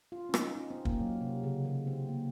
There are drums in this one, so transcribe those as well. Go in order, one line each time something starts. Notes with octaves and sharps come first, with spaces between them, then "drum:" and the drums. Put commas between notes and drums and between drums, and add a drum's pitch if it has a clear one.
F4
C#4
D#4, drum: rim click
D#4
C4
A#3, drum: kick
F#3
C3
C#3
D#3
C4
A#3